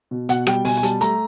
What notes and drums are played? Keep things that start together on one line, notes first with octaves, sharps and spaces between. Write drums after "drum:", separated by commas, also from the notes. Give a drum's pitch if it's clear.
B2
B2 F#5, drum: hi-hat
G3 G5, drum: rim click
B2 G#5, drum: open hi-hat
G#5
G3 A5, drum: hi-hat
A3 A#5, drum: hi-hat